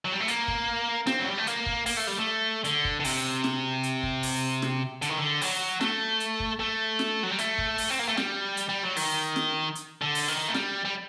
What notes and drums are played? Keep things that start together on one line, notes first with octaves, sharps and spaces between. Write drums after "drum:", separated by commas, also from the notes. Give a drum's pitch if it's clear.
F#3
G3
A3
A#3, drum: hi-hat
drum: kick
C4, drum: snare
F#3
G3
A3
A#3, drum: hi-hat
drum: kick
A#3, drum: open hi-hat
A3
G3
A3
D3, drum: hi-hat
drum: kick
D3
C3, drum: open hi-hat
drum: snare
drum: hi-hat
drum: kick
drum: open hi-hat
drum: snare
D3, drum: hi-hat
D#3
D3
F#3, drum: open hi-hat
A3, drum: snare
drum: hi-hat
drum: kick
A3
drum: snare
F#3
G3
A3, drum: hi-hat
drum: kick
drum: open hi-hat
C4
A#3
A3
G3, drum: snare
drum: hi-hat
G3
F#3
D#3, drum: open hi-hat
drum: snare
drum: hi-hat
D3
drum: open hi-hat
D#3
A3
G3, drum: snare
G3